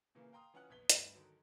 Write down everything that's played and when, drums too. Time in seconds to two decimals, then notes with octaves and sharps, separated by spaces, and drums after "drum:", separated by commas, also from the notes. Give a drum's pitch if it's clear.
0.15 A#2 C#3 E3 A#3
0.32 F5 G5 A#5 C6 D#6
0.54 E3 C#4 F4 F#5 F#6
0.69 A#1 E2 B3 G#6 B6 G7
0.89 D2 G2 B3, drum: hi-hat
1.15 D3 D#3 F#3